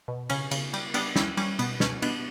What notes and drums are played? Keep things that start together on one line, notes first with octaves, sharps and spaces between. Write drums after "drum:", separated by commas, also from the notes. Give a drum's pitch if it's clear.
B2
C#3 C#4, drum: cymbal
C#3, drum: cymbal
G3, drum: cymbal
G3 B3 D4, drum: cymbal
G3 C#4 E4, drum: snare
G3 C#4, drum: cymbal
B2 B3, drum: cymbal
B2 C#4, drum: snare
B2 B3 D4, drum: cymbal